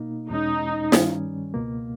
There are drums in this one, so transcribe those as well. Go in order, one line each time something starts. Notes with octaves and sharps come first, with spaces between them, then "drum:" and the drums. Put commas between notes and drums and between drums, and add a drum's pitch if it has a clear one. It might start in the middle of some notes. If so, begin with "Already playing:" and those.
Already playing: B2 A#3 D#4
E2 B2 G#3 C#4 D#4
G2 D#3 G3 C#4, drum: snare
C#2 B2 A#3